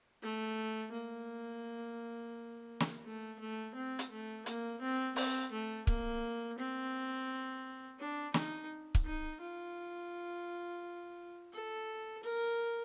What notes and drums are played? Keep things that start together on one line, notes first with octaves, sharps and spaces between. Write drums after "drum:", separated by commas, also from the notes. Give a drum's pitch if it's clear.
A3
A#3
drum: snare
A3
A3
C4
drum: hi-hat
A3
A#3, drum: hi-hat
C4
C4, drum: open hi-hat
A3
A#3, drum: kick C#1
C4
D4
D#4, drum: snare
drum: kick C#1
D#4
F4
A4
A#4